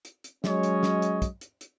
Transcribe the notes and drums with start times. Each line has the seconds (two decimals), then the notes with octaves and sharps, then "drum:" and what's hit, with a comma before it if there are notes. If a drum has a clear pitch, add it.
0.05 drum: hi-hat
0.24 drum: hi-hat
0.44 F#3 G#3 C#4 C#5 D#5, drum: snare
0.63 drum: hi-hat
0.83 drum: snare
1.02 drum: hi-hat
1.22 drum: kick, hi-hat
1.41 drum: hi-hat
1.61 drum: hi-hat